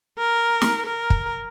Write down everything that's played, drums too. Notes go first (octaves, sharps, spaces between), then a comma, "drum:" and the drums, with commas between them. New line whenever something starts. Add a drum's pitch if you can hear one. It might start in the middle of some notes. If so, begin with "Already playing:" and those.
A#4
drum: snare
A#4
drum: kick